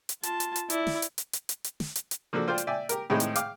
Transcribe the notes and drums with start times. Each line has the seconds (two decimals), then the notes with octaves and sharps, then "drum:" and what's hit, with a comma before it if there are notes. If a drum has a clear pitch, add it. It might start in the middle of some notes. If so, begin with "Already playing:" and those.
0.09 drum: hi-hat
0.23 F4 A5, drum: hi-hat
0.40 drum: hi-hat
0.56 drum: hi-hat
0.70 E4 D5, drum: hi-hat
0.87 drum: snare
1.02 drum: hi-hat
1.18 drum: hi-hat
1.33 drum: hi-hat
1.49 drum: hi-hat
1.64 drum: hi-hat
1.80 drum: snare
1.96 drum: hi-hat
2.11 drum: hi-hat
2.33 F3 A#3 D4 F#4 A4
2.48 F4 C5 D5 G5
2.58 drum: hi-hat
2.67 D5 E5 G5 G#5
2.89 G4 A#4, drum: hi-hat
3.10 A2 D#3 G#3 C4 D#4 E4
3.20 drum: hi-hat
3.35 F5 G5 D6, drum: hi-hat